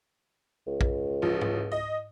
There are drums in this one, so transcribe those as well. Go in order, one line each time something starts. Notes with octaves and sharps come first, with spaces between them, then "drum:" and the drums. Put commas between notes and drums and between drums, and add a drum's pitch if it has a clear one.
C#2
drum: kick
A1 F3
drum: tom G#2
D#5